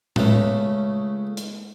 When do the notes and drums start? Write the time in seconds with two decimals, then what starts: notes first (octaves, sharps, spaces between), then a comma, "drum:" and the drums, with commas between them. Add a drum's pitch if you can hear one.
0.16 C#2 C#3 A3 C#4 B5, drum: tom A2
1.37 drum: hi-hat